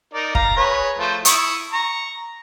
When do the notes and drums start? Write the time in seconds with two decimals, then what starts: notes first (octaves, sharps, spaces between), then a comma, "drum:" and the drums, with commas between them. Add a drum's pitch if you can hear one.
0.14 D#4 A#4 D5
0.35 F5 A#5, drum: kick
0.57 G#4 B4 C#5
0.98 F3 A3 C5
1.25 E4 C#6 D#6, drum: hi-hat
1.73 A#5 C#6